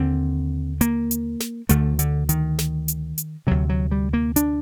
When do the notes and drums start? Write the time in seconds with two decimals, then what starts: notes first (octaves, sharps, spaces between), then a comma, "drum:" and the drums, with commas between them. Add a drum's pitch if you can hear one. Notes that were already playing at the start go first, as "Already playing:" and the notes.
Already playing: D#2 D3 C4
0.81 A#3, drum: hi-hat
1.11 drum: hi-hat
1.40 drum: snare
1.69 D2 D3 A3, drum: hi-hat
1.99 D3, drum: hi-hat
2.29 D#3, drum: hi-hat
2.59 drum: snare
2.88 drum: hi-hat
3.18 drum: hi-hat
3.47 D2 C3 F#3
3.69 F#3
3.91 G3
4.13 A#3
4.36 D4, drum: hi-hat